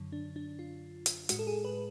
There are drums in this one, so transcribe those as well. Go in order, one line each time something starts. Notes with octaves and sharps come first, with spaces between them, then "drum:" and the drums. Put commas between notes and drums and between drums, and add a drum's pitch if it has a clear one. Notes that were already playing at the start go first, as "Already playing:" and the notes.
Already playing: F#2 D3 F#3
D4
D4
F4
drum: hi-hat
A2 G#3 F#4, drum: hi-hat
A4
G#4
B4